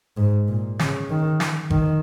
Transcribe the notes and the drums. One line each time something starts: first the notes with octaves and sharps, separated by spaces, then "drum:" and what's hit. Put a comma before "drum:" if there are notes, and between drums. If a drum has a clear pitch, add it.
G#2
A#2
C#3, drum: snare
D#3
drum: snare
D#3, drum: kick